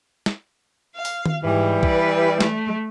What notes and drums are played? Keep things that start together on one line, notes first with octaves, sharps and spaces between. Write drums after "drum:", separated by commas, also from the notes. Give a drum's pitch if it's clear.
drum: snare
F5
drum: open hi-hat
drum: tom D#3
G#2 E3 G3
B4 D5, drum: kick
A3, drum: snare